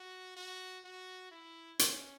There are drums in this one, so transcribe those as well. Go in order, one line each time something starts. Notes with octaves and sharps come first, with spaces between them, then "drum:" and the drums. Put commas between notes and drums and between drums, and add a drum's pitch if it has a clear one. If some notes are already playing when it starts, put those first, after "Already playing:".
Already playing: F#4
F#4
F#4
E4
C#4, drum: hi-hat